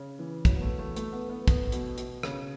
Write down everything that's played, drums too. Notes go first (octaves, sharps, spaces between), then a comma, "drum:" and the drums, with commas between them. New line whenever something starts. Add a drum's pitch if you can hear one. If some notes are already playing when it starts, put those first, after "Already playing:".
Already playing: C#3
E3
F#3, drum: kick, hi-hat
B3
A3
A3
A3, drum: hi-hat
B3
B3
B3, drum: kick, hi-hat
B2, drum: hi-hat
B2, drum: hi-hat
C#3, drum: rim click